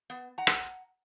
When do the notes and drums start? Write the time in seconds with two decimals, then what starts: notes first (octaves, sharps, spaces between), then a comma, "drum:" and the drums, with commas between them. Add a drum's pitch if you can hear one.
0.10 B3
0.38 F#5 A#5
0.47 drum: rim click